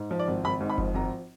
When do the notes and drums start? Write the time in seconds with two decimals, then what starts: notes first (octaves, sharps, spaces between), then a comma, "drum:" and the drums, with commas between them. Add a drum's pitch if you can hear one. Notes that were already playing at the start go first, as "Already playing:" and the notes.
Already playing: G#2
0.11 F3
0.19 D5
0.28 G#1
0.44 G#1 B5
0.61 G#2
0.70 B5
0.78 F3, drum: kick F#1
0.94 G#1 A#5